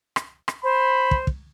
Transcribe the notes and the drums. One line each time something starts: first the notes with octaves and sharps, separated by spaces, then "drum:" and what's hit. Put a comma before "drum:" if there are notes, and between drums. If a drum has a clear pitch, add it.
drum: rim click
drum: rim click
C5 B5
drum: kick
drum: kick